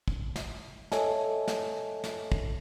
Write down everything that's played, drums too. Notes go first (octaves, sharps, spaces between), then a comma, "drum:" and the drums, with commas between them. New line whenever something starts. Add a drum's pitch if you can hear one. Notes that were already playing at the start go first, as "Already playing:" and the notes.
drum: kick
drum: snare
A4 C#5 D#5 E5 G#5 A5, drum: snare
drum: snare
drum: snare
drum: kick